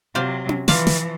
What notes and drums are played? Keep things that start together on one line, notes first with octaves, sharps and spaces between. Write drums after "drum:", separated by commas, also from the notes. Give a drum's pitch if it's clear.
C3 F#3 F4 C5 D5
drum: tom C#4
E3 F3 F4 D5 A5, drum: snare
drum: snare